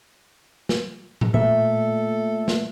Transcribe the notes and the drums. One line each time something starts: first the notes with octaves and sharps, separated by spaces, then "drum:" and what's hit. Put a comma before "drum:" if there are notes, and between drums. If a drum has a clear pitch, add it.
drum: snare
drum: tom
A#2 A3 A4 E5
drum: snare